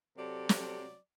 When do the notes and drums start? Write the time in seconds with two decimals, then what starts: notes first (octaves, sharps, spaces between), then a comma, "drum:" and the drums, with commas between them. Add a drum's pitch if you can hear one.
0.18 C3 F#3 A4 D5
0.49 drum: snare